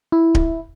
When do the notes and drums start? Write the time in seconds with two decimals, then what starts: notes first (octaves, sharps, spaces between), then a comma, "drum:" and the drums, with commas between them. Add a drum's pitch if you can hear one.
0.12 E4
0.35 drum: kick D1